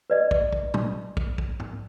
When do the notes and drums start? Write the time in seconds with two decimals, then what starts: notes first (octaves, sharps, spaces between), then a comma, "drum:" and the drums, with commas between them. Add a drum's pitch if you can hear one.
0.10 B4 D5 D#5
0.31 drum: kick
0.53 drum: kick
0.74 drum: tom
1.17 drum: kick
1.38 drum: kick
1.60 drum: tom G#2